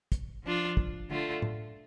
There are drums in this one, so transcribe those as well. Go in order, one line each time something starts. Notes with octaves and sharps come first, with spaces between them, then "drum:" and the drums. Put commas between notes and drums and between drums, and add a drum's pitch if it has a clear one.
drum: kick, hi-hat
F3 D4 F4
drum: kick
D3 A3 F4
drum: tom A2